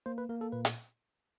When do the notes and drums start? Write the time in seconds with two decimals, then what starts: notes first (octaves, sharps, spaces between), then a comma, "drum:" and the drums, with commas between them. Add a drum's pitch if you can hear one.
0.06 A#3 C5
0.18 B4
0.29 A#3 A#4
0.41 A4
0.52 A#2 B4
0.65 drum: hi-hat